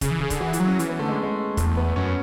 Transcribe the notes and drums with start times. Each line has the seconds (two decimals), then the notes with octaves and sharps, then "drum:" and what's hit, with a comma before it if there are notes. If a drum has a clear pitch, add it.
0.01 C#3 G#4, drum: kick, hi-hat
0.11 E3
0.21 C#3 G#4
0.30 D3, drum: kick, hi-hat
0.40 E3 F#4
0.53 E4, drum: hi-hat
0.60 F#3
0.67 C#4
0.79 E3 C#4, drum: hi-hat
0.89 B3
0.99 D3 A3
1.09 G#3
1.23 G#3
1.57 E2 A3, drum: kick, hi-hat
1.77 B3
1.96 F#2 C#4